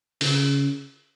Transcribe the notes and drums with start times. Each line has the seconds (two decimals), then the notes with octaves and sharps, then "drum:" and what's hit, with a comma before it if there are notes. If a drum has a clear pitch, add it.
0.21 C#3, drum: open hi-hat